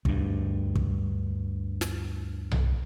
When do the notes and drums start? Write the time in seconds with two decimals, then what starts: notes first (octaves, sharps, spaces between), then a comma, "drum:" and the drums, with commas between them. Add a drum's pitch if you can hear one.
0.05 D2 G2, drum: kick
0.75 drum: kick
1.81 drum: snare
2.51 drum: tom B1